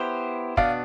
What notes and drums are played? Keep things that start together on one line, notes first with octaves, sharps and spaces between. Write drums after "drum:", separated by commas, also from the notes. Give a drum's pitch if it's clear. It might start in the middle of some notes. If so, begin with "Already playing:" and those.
Already playing: B3 E4 G4 C5
B2 B3 D4 D5 F5, drum: kick